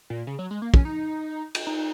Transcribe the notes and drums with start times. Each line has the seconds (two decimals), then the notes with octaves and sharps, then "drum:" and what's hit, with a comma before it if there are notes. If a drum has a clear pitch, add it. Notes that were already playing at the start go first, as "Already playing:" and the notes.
0.10 A#2
0.27 C#3
0.39 F#3
0.51 G#3
0.62 A#3
0.74 C#4, drum: kick
0.85 D#4
1.55 drum: cymbal
1.67 D#4